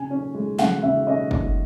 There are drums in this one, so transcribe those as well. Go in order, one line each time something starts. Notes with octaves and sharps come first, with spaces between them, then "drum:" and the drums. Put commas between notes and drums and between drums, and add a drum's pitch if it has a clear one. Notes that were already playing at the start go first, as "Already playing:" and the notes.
Already playing: C#3 G#5
C#4
G#3
C#3 F#5, drum: snare
C#3 E5
C#4 D#5
drum: kick